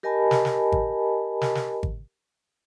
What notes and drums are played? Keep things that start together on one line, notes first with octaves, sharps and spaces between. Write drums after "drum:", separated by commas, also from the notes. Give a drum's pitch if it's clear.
G4 A#4 D#5 G#5 A5 B5
drum: snare
drum: snare
drum: kick G#1
drum: snare
drum: snare
drum: kick G#1